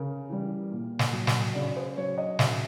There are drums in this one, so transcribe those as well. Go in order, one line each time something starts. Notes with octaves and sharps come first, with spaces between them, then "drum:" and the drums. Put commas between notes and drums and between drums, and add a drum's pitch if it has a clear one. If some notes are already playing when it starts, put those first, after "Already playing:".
Already playing: C#3 A#4
E3 G3
A#2
drum: snare
F#3
drum: snare
C#3 D5
C5
F#3 C#5
D#5
C#3 E5, drum: snare